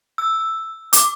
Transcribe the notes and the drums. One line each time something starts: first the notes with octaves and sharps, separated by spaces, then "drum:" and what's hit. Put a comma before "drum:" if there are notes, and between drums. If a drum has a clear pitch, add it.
E6
D6, drum: hi-hat